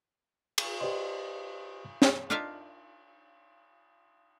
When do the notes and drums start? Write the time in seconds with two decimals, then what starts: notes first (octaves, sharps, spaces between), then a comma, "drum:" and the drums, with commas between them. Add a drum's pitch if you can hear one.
0.58 drum: cymbal
0.80 G4 B4 C5 D5 D#5 C6
2.02 drum: snare
2.30 D4 D#4 F4 A#4 E5 F5